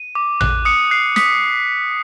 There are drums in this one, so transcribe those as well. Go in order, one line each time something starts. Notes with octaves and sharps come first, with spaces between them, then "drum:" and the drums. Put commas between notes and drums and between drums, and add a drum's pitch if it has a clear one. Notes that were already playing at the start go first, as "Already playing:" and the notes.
Already playing: D#7
D6
F#6, drum: tom A1
D#6 C#7
F#6 C7
D#6 B6, drum: snare